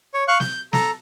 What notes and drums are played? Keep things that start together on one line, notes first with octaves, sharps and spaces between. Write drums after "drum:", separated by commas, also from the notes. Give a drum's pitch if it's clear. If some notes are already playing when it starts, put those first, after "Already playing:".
C#5
F5 C#6 F#6
G6, drum: snare
A4 A#5, drum: snare